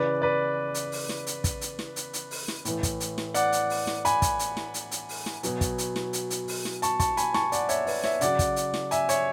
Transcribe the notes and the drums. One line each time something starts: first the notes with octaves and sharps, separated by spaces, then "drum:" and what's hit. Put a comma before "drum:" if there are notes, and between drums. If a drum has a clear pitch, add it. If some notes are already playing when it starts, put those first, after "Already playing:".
Already playing: C#3 E3 B4 D5
B4 D5
drum: hi-hat
drum: open hi-hat
drum: snare
drum: hi-hat
drum: kick, hi-hat
drum: hi-hat
drum: snare
drum: hi-hat
drum: hi-hat
drum: open hi-hat
drum: snare
A2 E3, drum: hi-hat
drum: kick, hi-hat
drum: hi-hat
drum: snare
D5 F#5, drum: hi-hat
drum: hi-hat
drum: open hi-hat
drum: snare
G#5 B5, drum: hi-hat
drum: kick, hi-hat
drum: hi-hat
drum: snare
drum: hi-hat
drum: hi-hat
drum: open hi-hat
drum: snare
B2 F#3, drum: hi-hat
drum: kick, hi-hat
drum: hi-hat
drum: snare
drum: hi-hat
drum: hi-hat
drum: open hi-hat
drum: snare
A5 C#6, drum: hi-hat
A5 C#6, drum: kick, hi-hat
G#5 B5, drum: hi-hat
A5 C#6, drum: snare
D5 F#5, drum: hi-hat
C#5 E5, drum: hi-hat
B4 D5, drum: open hi-hat
C#5 E5, drum: snare
C#3 F#3 D5 F#5, drum: hi-hat
drum: kick, hi-hat
drum: hi-hat
drum: snare
E5 G#5, drum: hi-hat
C#5 E5, drum: hi-hat